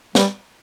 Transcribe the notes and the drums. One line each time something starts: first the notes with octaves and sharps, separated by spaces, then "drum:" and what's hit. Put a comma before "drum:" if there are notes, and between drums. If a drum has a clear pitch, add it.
G3, drum: snare